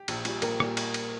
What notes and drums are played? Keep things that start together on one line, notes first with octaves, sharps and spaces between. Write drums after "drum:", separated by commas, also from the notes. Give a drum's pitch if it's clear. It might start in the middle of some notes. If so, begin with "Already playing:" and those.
Already playing: G4
A#1, drum: cymbal
A#2 G3, drum: cymbal
A#1 A#3 A#4, drum: cymbal
A#2 G3, drum: rim click
drum: cymbal
drum: cymbal